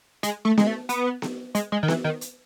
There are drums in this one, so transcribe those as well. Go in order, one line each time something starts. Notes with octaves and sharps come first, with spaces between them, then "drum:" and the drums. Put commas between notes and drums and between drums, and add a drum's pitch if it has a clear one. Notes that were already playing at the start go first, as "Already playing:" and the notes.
G#3, drum: hi-hat
A3
G#3, drum: snare B3
A3
B3, drum: hi-hat
drum: snare B3
G#3, drum: hi-hat
G#3
D#3
E3, drum: snare B3
D#3
drum: hi-hat